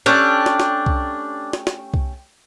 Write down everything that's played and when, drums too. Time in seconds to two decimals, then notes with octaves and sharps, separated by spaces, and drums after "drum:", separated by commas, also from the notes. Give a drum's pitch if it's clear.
0.06 A3 C#4 D4 G4
0.46 drum: snare
0.60 drum: snare
0.86 drum: kick C2
1.53 drum: snare
1.67 drum: snare
1.94 drum: kick C2